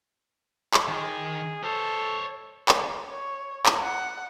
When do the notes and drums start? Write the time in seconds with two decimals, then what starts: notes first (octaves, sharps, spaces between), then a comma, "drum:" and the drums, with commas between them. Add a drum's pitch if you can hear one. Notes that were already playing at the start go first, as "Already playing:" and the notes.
0.74 drum: clap
0.88 D#3 G#4
1.64 A4 C5 C#5
2.69 drum: clap
3.07 C#5
3.66 drum: clap
3.82 F#5